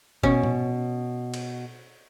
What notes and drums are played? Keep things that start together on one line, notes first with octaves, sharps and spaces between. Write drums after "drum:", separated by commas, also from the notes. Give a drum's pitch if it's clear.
B2 C#4, drum: kick F#1
drum: tom A2
drum: cymbal